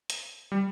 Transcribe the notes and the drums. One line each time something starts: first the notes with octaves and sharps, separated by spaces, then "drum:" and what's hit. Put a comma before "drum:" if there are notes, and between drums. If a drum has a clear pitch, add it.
drum: hi-hat
G3